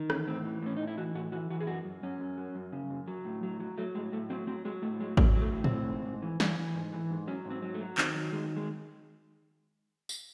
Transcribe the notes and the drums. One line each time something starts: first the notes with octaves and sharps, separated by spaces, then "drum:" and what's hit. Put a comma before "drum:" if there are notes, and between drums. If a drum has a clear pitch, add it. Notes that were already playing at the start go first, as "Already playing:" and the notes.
Already playing: D#3
E2 C#4, drum: rim click
A2 C4
E3
A2 C#4
A2 D#4
E4
E3 F#4
A2 F#4
E3 F#4
E3 F#4
G#4
F#2 F#4
F#2
F#2 C#4
F#2
F#3
F#2
C#3
F#2
F#3
A2
F#3
F#3
F#3 A3
A2 G#3
A2 A3
F#3 C4
F#3 C4
F#3 G#3
A2 A3
F#3 G#3
F#3 A3, drum: kick G#1
F#3
A3
A2
C4, drum: tom A2
A2
G#2
G#2
E3
E3, drum: snare
E3
G#2
E3
G#2
F#3 C#4
G#2
C4
F#3
A3
F#3
D#3 C4, drum: clap
F#3
D#3 G#3
G#3
drum: tambourine